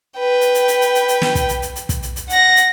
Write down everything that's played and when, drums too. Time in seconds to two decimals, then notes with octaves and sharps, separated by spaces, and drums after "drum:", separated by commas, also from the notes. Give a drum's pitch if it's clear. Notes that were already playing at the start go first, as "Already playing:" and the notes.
0.19 B4 G5
0.41 drum: hi-hat
0.54 drum: hi-hat
0.68 drum: hi-hat
0.81 drum: hi-hat
0.95 drum: hi-hat
1.08 drum: hi-hat
1.22 drum: snare
1.35 drum: kick, hi-hat
1.49 drum: hi-hat
1.62 drum: hi-hat
1.76 drum: hi-hat
1.89 drum: kick, hi-hat
2.03 drum: hi-hat
2.16 drum: hi-hat
2.29 F#5 A#6, drum: hi-hat
2.56 drum: hi-hat